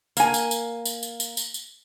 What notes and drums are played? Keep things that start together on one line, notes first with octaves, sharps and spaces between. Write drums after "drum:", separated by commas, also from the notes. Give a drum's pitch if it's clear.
A#3 G#5, drum: tambourine
drum: tambourine
drum: tambourine
drum: tambourine
drum: tambourine
drum: tambourine
drum: tambourine
drum: tambourine